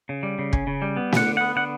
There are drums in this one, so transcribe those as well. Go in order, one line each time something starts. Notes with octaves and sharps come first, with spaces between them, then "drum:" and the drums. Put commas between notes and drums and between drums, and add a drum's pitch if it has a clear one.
C#3
G3
C#3
C#4, drum: kick
C#3
G3
B3
D3 F#5, drum: snare
D3
B3 F#5
D3 F#5